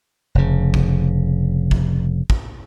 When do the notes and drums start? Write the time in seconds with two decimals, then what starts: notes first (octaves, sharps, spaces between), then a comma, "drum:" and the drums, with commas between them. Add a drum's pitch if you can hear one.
0.35 F1 C#3
0.74 drum: kick
1.71 drum: kick
2.30 drum: kick